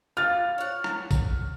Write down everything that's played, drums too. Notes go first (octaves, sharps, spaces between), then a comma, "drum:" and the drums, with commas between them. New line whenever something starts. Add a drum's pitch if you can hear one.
F4 F6 A6
C#5 F#5
drum: rim click
drum: kick, tambourine